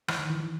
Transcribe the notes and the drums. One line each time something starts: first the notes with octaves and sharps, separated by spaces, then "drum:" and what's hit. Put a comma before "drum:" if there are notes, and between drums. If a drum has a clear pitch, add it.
E3, drum: rim click
D#3
E3
E3